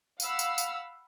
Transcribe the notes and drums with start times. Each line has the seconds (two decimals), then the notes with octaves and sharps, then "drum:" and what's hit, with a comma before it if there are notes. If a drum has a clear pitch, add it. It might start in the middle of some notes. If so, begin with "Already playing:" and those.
0.20 F5 F#5 B5 E6, drum: tambourine
0.39 drum: tambourine
0.58 drum: tambourine